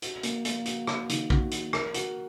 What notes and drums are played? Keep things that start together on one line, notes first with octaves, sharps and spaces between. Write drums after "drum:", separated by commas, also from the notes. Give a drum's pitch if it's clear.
F#4, drum: hi-hat
A#3, drum: hi-hat
A#3, drum: hi-hat
F#4, drum: hi-hat
F#4, drum: rim click
D#3, drum: hi-hat
F#4, drum: kick
F#4, drum: hi-hat
A#4, drum: rim click
F#4, drum: hi-hat